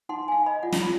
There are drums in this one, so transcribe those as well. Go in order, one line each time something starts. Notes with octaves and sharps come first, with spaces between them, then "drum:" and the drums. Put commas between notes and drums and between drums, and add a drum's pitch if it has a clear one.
D#4 F#5 C6
F5 G#5
D#5 B5
F4 D5 F#5
drum: snare
F4 B5